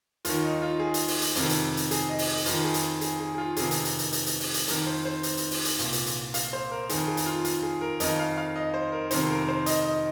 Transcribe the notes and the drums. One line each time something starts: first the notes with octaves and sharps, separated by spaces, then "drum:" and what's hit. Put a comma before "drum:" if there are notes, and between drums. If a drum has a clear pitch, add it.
D#2 D#3 F4, drum: hi-hat
D#4
F4
G#4
drum: hi-hat
drum: open hi-hat
drum: hi-hat
F2 C3 D#3, drum: hi-hat
drum: hi-hat
drum: hi-hat
G#4, drum: hi-hat
D#5
drum: open hi-hat
D#5
F2 D#3 F4, drum: hi-hat
G#4
drum: hi-hat
G#4, drum: hi-hat
G#4
G#4
F4
F2 C3 D#3 G#4, drum: hi-hat
drum: hi-hat
drum: hi-hat
drum: hi-hat
drum: hi-hat
drum: hi-hat
drum: open hi-hat
drum: hi-hat
F2 D#3 A#4, drum: hi-hat
C5
C5
drum: hi-hat
drum: hi-hat
drum: open hi-hat
drum: hi-hat
C2 A#2, drum: hi-hat
drum: hi-hat
drum: hi-hat
F5, drum: hi-hat
C5
A#4
F2 D#3 G#4, drum: hi-hat
G#4
drum: hi-hat
F4
F4, drum: hi-hat
G#4
A#4
F2 D#3 D#5, drum: hi-hat
F5
F5
D#5
C5
A#4
F2 C3 D#3 C5, drum: hi-hat
A#4
C5
D#5, drum: hi-hat
D#5